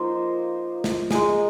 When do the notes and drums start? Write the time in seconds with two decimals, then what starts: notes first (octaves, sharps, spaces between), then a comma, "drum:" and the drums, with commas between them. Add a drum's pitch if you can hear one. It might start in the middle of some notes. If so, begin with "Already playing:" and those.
Already playing: F3 A#3 D#4 C5
0.84 drum: snare
1.11 G#3 D#4 G#4, drum: snare